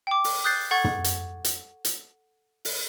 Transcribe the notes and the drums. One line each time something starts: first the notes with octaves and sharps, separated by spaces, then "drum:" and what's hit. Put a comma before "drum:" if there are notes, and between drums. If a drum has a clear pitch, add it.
G5 D6
drum: open hi-hat
D#6 F#6 G6 A6 C7
A4 F#5 C#6 G#6 A6
drum: tom
drum: hi-hat
drum: hi-hat
drum: hi-hat
drum: open hi-hat